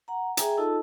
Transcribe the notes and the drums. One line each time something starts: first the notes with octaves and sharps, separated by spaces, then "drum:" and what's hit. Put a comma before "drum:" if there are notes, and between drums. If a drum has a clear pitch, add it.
F#5 A#5
G#4 E5 G5 G#5 A#5, drum: hi-hat
D#4 F4 A4 D#5 A5 E6